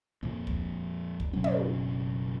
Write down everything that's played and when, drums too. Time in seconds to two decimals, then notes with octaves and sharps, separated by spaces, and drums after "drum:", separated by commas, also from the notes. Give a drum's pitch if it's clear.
0.23 F2 A#2 F3
0.47 drum: kick
1.20 drum: kick
1.33 F#1 B2 F#3 C#4
1.44 drum: tom